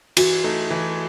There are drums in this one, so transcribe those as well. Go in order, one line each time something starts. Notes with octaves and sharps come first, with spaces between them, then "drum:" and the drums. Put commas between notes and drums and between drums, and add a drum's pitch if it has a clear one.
E3 F#4, drum: cymbal
A3 D#4
E3